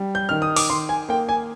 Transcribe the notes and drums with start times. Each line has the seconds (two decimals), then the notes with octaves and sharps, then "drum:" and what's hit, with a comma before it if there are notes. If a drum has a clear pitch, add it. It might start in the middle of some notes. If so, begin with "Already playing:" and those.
Already playing: G3
0.15 G6
0.29 D#3 F6
0.42 D#6
0.56 D6, drum: open hi-hat
0.70 D#3 C6
0.89 G#5
1.09 A#3 G5
1.29 G#5